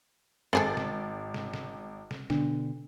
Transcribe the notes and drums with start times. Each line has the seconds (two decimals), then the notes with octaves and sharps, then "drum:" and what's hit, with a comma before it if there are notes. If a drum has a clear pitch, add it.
0.53 G#1 C4 G#4 A4 A6 D7
0.77 drum: snare
1.34 drum: snare
1.53 drum: snare
2.11 drum: snare
2.30 B2 D3 D4, drum: snare